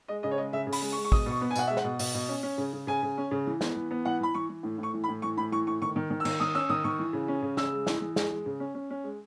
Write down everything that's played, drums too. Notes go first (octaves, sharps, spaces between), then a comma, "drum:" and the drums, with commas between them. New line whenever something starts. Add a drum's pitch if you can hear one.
G#3 D#5
C#3 D#5
C#5
G#3 D#5
C#3 E5
C#3
B5, drum: open hi-hat
G#3
C#6
G#3
C#6
B2 D#6, drum: kick
B2 C#6
B3
G#5
B2 F#5, drum: tambourine
G#3 E5
F#5, drum: snare
B2
B2, drum: open hi-hat
B2
C#4
C#4
C#3
C#3
C#3 G#5
C#3
C#4
C#3
E3
B3, drum: snare
E3
B3
E3 F#5
E3 B5
E3 C#6
E3
A2
A2 C#6
E3
B5
A2
E3 C#6
A2 B5
E3 C#6
A2 C#6
D#3 C#6
D#3
D#3
E6
D#3, drum: cymbal
D#3 D#6
C#4 E6
D#3 D#6
D#3 C#6
E3
C#3
C#4
C#3
C#3 E6, drum: snare
G#3
E3, drum: snare
E3
G#3, drum: snare
G#3
C#3
C#4
C#4
C#4
G#3